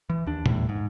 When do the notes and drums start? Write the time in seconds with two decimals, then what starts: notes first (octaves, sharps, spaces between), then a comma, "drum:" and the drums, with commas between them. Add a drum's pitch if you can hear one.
0.10 E3
0.26 D#2 D4
0.46 D#1 E2 A2, drum: tom
0.69 G#2